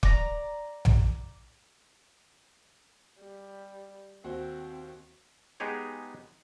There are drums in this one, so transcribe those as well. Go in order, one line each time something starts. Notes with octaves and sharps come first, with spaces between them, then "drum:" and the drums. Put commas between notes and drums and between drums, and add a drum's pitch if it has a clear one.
D5 A#5, drum: kick
drum: tom A#1
G3
D#2 C4 F#4 C5
G#3 B3 D#4 G4 G#4 C#5